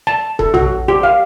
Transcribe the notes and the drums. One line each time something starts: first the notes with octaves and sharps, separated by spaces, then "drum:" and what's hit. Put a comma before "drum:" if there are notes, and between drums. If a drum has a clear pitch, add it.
A5
A4, drum: kick D#1
F#4, drum: tom
G4
F5